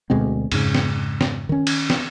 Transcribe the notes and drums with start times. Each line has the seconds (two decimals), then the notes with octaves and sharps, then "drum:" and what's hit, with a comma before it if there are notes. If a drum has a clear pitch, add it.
0.10 D2 B2 G#3 C4
0.52 F2 G#2 C#3, drum: cymbal
0.75 drum: snare
1.21 drum: snare
1.49 D#3 C#4
1.67 drum: cymbal
1.90 drum: snare